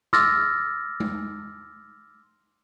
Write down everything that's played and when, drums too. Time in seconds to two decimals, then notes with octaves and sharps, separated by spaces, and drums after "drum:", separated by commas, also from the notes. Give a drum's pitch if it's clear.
0.13 C6 D6 E6 F6 A6 A#6, drum: snare
1.00 drum: tom G#3